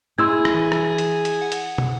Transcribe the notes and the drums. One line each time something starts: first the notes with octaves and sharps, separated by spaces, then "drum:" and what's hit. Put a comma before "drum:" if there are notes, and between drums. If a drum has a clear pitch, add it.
E4 G#4 C6 E6 G#6
drum: rim click
E3
drum: rim click
drum: hi-hat
drum: hi-hat
F#5
drum: hi-hat
drum: tom